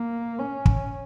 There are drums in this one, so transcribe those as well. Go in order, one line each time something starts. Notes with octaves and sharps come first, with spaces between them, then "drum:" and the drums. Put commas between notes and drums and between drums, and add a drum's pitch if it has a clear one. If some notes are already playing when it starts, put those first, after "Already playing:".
Already playing: A#3
C#4
drum: kick